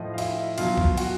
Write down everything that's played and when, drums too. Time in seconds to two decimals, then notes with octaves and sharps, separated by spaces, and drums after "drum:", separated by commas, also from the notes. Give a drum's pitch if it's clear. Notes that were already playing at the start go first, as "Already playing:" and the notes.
Already playing: A2 F3 D#5
0.14 F5
0.18 E4 E5, drum: cymbal
0.58 B2 F#3 F4 F5, drum: cymbal
0.78 drum: kick B1
0.97 F#4 F#5, drum: cymbal